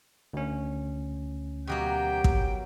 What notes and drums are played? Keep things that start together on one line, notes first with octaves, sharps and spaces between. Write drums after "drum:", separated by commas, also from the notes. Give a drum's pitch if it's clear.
D2 C#4
B2 F#3 A#3 G4 G5
drum: kick